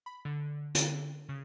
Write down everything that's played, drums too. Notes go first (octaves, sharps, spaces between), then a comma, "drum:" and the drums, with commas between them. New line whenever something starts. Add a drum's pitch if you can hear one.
B5
D3
D3, drum: hi-hat
C#3